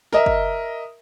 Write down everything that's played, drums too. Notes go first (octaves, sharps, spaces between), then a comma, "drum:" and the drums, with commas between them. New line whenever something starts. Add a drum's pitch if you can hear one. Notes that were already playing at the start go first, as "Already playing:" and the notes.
A#4 D#5 E5, drum: snare
drum: kick